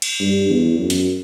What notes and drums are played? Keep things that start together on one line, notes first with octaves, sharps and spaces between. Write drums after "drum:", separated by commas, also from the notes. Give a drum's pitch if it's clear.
drum: cymbal
G2
E2
F#2
drum: hi-hat